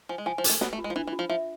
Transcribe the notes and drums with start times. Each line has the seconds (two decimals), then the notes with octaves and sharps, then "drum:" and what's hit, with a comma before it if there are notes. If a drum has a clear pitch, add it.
0.09 F3 G#5
0.18 G#3
0.26 F3 G#5
0.38 F3
0.44 A4, drum: hi-hat
0.49 A3
0.61 B3 B4, drum: snare
0.73 A3
0.78 F4
0.84 G#3
0.90 F3
0.96 E3 D4
1.07 E3
1.13 F4
1.19 F3
1.29 F3 E5